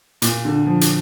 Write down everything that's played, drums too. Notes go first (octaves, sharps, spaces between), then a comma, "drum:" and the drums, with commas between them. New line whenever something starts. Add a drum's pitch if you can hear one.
A#2, drum: hi-hat
D3
F3
drum: hi-hat